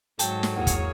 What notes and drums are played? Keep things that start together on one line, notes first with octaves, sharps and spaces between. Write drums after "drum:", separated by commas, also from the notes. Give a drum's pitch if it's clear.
G#2 F#3 A4 G5 A5, drum: hi-hat
drum: snare
E2 A#3 G#4 C#5 F#5
drum: kick, hi-hat